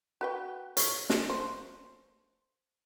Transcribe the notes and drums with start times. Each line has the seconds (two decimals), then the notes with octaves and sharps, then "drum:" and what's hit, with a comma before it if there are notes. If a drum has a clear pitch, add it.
0.21 F#4 B4 G5
0.77 C#5, drum: hi-hat
1.10 D4, drum: snare
1.30 C5